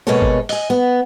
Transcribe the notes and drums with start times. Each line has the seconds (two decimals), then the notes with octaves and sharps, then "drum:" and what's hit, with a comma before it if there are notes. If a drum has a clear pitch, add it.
0.07 B2 G#3 A#3 G#4 A4 C#5
0.22 drum: kick G1
0.49 D#5 G#5, drum: open hi-hat
0.70 B3